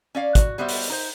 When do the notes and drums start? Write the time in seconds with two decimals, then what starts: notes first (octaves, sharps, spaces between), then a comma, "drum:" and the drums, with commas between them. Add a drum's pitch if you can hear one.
0.15 C#4 D5 F5
0.35 F#4, drum: kick, hi-hat
0.58 G3 B3 F#4 C5 E5
0.69 drum: open hi-hat
0.90 D#4 C5